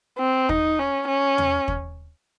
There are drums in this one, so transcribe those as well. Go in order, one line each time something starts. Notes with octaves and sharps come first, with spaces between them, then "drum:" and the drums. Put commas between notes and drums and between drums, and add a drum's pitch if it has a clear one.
C4
D#4, drum: kick
C#4
C#4
drum: tom E2
drum: kick